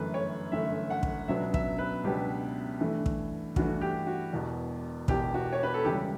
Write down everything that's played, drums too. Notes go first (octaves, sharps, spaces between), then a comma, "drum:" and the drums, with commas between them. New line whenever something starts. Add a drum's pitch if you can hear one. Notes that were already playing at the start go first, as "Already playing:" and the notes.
Already playing: G1 F#2 E3 A3 B4
C#5
G1 F#2 E3 A3 E5
F#5
drum: kick
C#2 B2 F#3 B3 D4 E5
E5, drum: kick
B4
C#2 B2 F#3 B3 D4 G4
G2 E3 A3
drum: kick
G2 E3 A3 F#4, drum: kick
G4
F#4
E1 E2 B2
E1 E2 B2 G4, drum: kick
F#4
C#5
B4
A4
C#2 C#3 E3 G3 G4